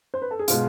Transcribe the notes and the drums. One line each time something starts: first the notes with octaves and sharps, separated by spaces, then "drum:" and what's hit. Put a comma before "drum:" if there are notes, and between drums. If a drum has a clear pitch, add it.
C5
B4
A4
G#4
B2 G#3 F4, drum: hi-hat